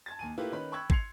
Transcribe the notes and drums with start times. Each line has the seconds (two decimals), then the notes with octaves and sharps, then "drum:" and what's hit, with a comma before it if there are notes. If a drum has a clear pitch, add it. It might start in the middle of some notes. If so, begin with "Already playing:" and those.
0.06 A5 G#6 A6
0.19 D#2 G#5 D#7
0.38 A3 A#3 E4 F4 G4 B4
0.52 D#3 C#4 B4 B5
0.72 G5 B5 C#6 E6 F#6 G#6
0.90 C6 G#6 C7 C#7 F7, drum: kick